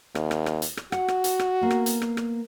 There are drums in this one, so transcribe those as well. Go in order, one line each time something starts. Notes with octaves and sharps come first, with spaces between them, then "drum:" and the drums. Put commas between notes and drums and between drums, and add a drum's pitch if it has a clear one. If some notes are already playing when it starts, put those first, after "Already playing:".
D#2, drum: rim click
drum: rim click
drum: rim click
drum: hi-hat
drum: rim click
F#4 F#5, drum: rim click
drum: rim click
drum: hi-hat
drum: rim click
A#3 B3
drum: rim click
drum: hi-hat
drum: rim click
drum: rim click